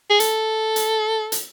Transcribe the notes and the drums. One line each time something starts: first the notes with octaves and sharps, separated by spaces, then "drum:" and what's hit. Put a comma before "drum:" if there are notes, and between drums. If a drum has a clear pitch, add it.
G#4
A4, drum: hi-hat
drum: hi-hat
drum: hi-hat